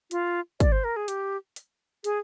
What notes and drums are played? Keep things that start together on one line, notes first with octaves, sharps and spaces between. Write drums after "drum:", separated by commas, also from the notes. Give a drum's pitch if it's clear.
F4, drum: hi-hat
D5, drum: kick, hi-hat
C5
A#4
G#4
G4, drum: hi-hat
drum: hi-hat
G#4, drum: hi-hat